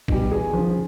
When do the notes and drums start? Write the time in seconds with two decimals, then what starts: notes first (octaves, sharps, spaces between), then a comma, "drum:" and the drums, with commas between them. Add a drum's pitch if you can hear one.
0.08 B2 G3, drum: kick
0.31 E2 G#4
0.53 C#3 F3